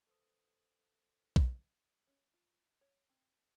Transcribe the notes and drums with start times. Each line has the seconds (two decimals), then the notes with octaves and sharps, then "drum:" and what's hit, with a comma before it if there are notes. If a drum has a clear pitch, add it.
0.07 A4 B4 C5 D#6
1.36 drum: kick B1
2.07 C#4
2.34 F4
2.81 C#5
3.10 C4